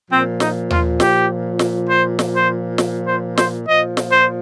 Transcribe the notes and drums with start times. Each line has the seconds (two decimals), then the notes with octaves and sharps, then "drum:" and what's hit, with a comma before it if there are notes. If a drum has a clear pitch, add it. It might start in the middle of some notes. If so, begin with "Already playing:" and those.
0.11 A#2 F3 C4
0.40 D#4, drum: snare
0.70 F4, drum: tom D#2
1.00 G4, drum: snare
1.59 drum: snare
1.89 C5
2.19 drum: snare
2.34 C5
2.78 drum: snare
3.08 C5
3.37 C5, drum: snare
3.67 A#2 F3 D#5
3.97 drum: snare
4.12 C5